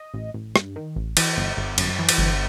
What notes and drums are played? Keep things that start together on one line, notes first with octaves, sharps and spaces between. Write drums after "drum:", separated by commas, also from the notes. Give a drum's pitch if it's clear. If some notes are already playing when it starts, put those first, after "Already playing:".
Already playing: D#5
A1
A1
G2, drum: rim click
D#3
A1
E3 D#5, drum: cymbal
G1
G1
F#2, drum: cymbal
E3
drum: cymbal
G1